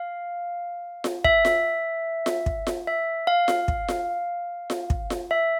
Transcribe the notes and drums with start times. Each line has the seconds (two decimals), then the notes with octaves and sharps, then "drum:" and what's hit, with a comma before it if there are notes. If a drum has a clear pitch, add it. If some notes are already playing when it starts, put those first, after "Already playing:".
Already playing: F5
1.04 drum: snare F4
1.25 E5, drum: kick
1.45 drum: snare F4
2.26 drum: snare F4
2.46 drum: kick
2.67 drum: snare F4
2.87 E5
3.27 F5
3.48 drum: snare F4
3.68 drum: kick
3.88 drum: snare F4
4.70 drum: snare F4
4.90 drum: kick
5.10 drum: snare F4
5.31 E5